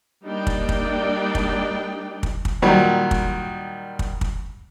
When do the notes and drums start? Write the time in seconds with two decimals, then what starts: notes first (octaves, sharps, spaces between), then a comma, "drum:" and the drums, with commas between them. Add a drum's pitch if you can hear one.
0.25 G3 A#3 D4 D#4 D5 G5
0.47 drum: kick
0.69 drum: kick
1.35 drum: kick
2.23 drum: kick
2.45 drum: kick
2.62 A#2 D#3 F#3 G3
3.11 drum: kick
3.99 drum: kick
4.21 drum: kick